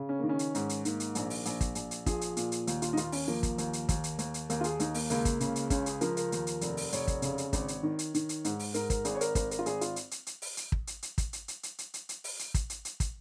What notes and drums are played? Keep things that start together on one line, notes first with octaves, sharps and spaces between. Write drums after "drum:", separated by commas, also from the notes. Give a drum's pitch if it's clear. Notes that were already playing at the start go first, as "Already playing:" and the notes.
Already playing: C#3
C#4
D#3 A#3
C#4
drum: hi-hat
G#2, drum: hi-hat
drum: hi-hat
D#3 A#3, drum: hi-hat
drum: hi-hat
A#1, drum: hi-hat
drum: open hi-hat
A#1, drum: hi-hat
drum: kick, hi-hat
A#1, drum: hi-hat
drum: hi-hat
F3 G#4, drum: kick, hi-hat
drum: hi-hat
A#2, drum: hi-hat
drum: hi-hat
D#2, drum: hi-hat
F4, drum: hi-hat
D#4
D#2 F4, drum: hi-hat
C#4, drum: open hi-hat
F3 A#3
drum: kick, hi-hat
D#2, drum: hi-hat
drum: hi-hat
D#2, drum: kick, hi-hat
drum: hi-hat
D#2, drum: hi-hat
drum: hi-hat
D#2 A#3, drum: hi-hat
F4
G#4, drum: hi-hat
D#2 D#4, drum: hi-hat
A#3, drum: open hi-hat
C#2 A#3, drum: hi-hat
drum: kick, hi-hat
C#3, drum: hi-hat
drum: hi-hat
C#2 C#4, drum: kick, hi-hat
G#4, drum: hi-hat
F3 A#4, drum: hi-hat
A#4, drum: hi-hat
D#2, drum: hi-hat
drum: hi-hat
F1, drum: hi-hat
drum: open hi-hat
F1 C#5, drum: hi-hat
drum: kick, hi-hat
C#3, drum: hi-hat
drum: hi-hat
G#1, drum: kick, hi-hat
drum: hi-hat
D#3
drum: hi-hat
D#3, drum: hi-hat
drum: hi-hat
G#2, drum: hi-hat
drum: open hi-hat
G#2 A#4, drum: hi-hat
A#4, drum: kick, hi-hat
G#1 G#4, drum: hi-hat
C#5
A#4, drum: hi-hat
G#1 A#4, drum: kick, hi-hat
A#4, drum: hi-hat
F4
G#1 G#4, drum: hi-hat
F4, drum: hi-hat
drum: hi-hat
drum: hi-hat
drum: hi-hat
drum: open hi-hat
drum: hi-hat
drum: kick
drum: hi-hat
drum: hi-hat
drum: kick, hi-hat
drum: hi-hat
drum: hi-hat
drum: hi-hat
drum: hi-hat
drum: hi-hat
drum: hi-hat
drum: open hi-hat
drum: hi-hat
drum: kick, hi-hat
drum: hi-hat
drum: hi-hat
drum: kick, hi-hat